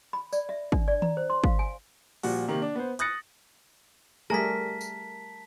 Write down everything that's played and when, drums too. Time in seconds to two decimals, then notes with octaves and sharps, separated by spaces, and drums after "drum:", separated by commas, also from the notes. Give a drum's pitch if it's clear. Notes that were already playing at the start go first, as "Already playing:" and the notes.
0.13 B5
0.33 D5, drum: tambourine
0.49 E5
0.72 D4, drum: kick
0.88 D5
1.02 A#5, drum: tom D#3
1.17 C5
1.30 C6
1.44 F5, drum: kick
1.59 G#5
2.23 A#2 F3 G3 F#4, drum: open hi-hat
2.48 C3 D#3 A#3
2.62 D4
2.75 B3 C5
2.99 D#6 F#6 A6 A#6 C#7, drum: hi-hat
4.30 G3 A3 G#4 A#4 A5 B6
4.81 drum: tambourine